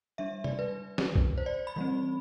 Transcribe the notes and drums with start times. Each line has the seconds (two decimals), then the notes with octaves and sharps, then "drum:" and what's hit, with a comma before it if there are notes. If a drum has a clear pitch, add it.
0.18 G3 D4 E5
0.44 D5, drum: tom
0.59 B4
0.98 drum: snare
1.15 drum: kick
1.38 C5
1.46 D5
1.67 B5
1.76 E3 G3 C4